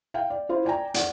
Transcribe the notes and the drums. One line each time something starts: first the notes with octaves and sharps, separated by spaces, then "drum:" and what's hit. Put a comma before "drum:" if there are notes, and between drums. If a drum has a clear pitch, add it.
F5 G5
D5
E4 F4 C5
D5 G5 G#5 A#5
D5 F#5, drum: hi-hat